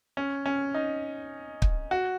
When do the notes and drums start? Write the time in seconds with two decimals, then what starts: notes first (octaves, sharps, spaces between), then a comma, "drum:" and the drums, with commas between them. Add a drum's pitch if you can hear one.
0.17 C#4
0.46 C#4
0.74 D#4
1.62 drum: kick
1.91 F#4